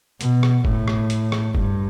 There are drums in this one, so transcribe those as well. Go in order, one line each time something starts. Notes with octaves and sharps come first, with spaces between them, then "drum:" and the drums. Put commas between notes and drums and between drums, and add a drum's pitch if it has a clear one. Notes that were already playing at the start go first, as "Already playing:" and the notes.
B2, drum: hi-hat
drum: rim click
A2, drum: kick F#1
drum: rim click
drum: hi-hat
drum: rim click
G2, drum: kick F#1